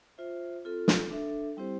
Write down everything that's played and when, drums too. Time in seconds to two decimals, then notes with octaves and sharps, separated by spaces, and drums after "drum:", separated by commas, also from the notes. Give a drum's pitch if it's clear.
0.18 F4 C5 E5
0.65 C4 F4 A4
0.88 drum: snare
1.10 D4 A4 E5
1.57 G3 C4 E4 G4 C5